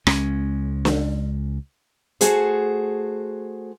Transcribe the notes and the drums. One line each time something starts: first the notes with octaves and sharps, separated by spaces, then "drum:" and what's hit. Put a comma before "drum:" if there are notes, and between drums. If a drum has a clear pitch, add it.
C#2 G#3 C#4, drum: rim click
drum: snare
A3 F#4 G#4 C5, drum: hi-hat